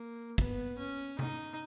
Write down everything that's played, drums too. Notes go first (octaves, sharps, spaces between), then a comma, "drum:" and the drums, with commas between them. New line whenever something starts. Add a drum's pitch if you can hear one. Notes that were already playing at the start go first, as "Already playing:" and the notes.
Already playing: A#3
B3, drum: kick
C#4
D#4, drum: tom C3